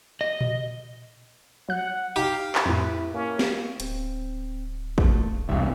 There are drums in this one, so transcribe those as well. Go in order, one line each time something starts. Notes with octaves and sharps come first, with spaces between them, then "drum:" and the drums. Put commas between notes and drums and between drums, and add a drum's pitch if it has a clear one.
D#5
drum: tom A#2
F#3 F#5 F#6
D#4 G4 F5
drum: clap
F2 A2 E4 B4
A#3 C#4
drum: snare
D1 C4, drum: hi-hat
A3 A#3, drum: kick
E1 C2 E5 F5